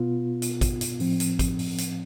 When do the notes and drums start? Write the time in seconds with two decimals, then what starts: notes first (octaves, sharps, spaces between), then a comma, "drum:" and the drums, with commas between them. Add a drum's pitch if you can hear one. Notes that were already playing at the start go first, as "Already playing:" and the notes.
Already playing: B2 B3 F4
0.42 drum: hi-hat
0.61 drum: kick, hi-hat
0.81 drum: hi-hat
1.00 A2 F3 C4, drum: open hi-hat
1.20 drum: hi-hat
1.39 drum: kick, hi-hat
1.59 drum: open hi-hat
1.78 drum: hi-hat